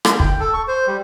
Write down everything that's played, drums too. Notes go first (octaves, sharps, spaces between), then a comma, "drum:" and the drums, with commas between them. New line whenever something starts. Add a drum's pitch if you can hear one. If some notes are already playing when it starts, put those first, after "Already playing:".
drum: rim click
G5, drum: kick
A4
C#6
C5
G3